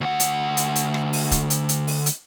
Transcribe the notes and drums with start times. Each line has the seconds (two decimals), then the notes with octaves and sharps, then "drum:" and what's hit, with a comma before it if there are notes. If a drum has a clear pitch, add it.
0.01 D2 F#5
0.20 drum: hi-hat
0.57 drum: hi-hat
0.76 drum: hi-hat
0.94 drum: rim click
1.13 drum: open hi-hat
1.31 drum: kick E1, hi-hat
1.50 drum: hi-hat
1.69 drum: hi-hat
1.87 drum: open hi-hat
2.06 drum: hi-hat